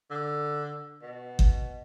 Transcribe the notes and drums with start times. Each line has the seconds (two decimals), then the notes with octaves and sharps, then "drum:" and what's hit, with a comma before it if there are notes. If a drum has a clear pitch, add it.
0.10 D3
1.02 B2
1.39 drum: kick G1